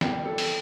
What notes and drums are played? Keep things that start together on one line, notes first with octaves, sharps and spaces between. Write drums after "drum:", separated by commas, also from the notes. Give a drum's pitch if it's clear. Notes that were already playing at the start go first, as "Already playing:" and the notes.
F2 E3 G3 A#3 G4, drum: snare
A4
drum: open hi-hat